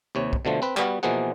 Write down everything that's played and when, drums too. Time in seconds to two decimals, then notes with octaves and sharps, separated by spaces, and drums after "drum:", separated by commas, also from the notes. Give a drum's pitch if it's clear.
0.15 D#2 C3 C#5
0.33 drum: kick
0.45 B2 D3 F3 A3
0.62 C4 B4
0.77 G3 B3 F#4, drum: clap
1.03 B2 E3 F3 A#3 G#4 F#5